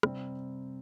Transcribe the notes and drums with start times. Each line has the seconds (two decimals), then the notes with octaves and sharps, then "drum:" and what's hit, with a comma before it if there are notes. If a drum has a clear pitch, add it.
0.03 C3 G3 C4, drum: rim click